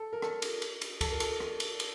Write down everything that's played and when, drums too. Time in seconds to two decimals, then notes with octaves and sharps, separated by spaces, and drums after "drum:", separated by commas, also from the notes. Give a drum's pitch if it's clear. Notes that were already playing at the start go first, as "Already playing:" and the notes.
Already playing: A4
0.13 A#4
0.22 A4, drum: rim click
0.42 drum: cymbal
0.62 drum: cymbal
0.81 drum: cymbal
1.01 A4, drum: kick C#2, cymbal
1.11 A#4
1.20 A4, drum: cymbal
1.40 drum: rim click
1.60 drum: cymbal
1.80 drum: cymbal